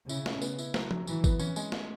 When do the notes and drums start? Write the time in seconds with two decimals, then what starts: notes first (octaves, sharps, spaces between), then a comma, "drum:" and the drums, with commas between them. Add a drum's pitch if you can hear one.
0.09 C#3 E4, drum: tambourine
0.26 B2, drum: snare
0.42 B3, drum: tambourine
0.59 E4, drum: tambourine
0.74 F#3, drum: snare
0.91 F#3, drum: tom F3
1.07 E3 F#3, drum: tambourine
1.24 B3, drum: kick, tambourine
1.40 E3 C#4, drum: tambourine
1.56 G#3, drum: tambourine
1.72 drum: snare